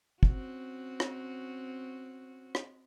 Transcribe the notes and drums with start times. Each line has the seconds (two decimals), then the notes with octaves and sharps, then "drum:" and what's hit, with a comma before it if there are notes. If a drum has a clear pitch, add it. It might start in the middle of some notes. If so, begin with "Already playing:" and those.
0.23 C4 C#4 F#4, drum: kick
1.00 drum: rim click
2.55 drum: rim click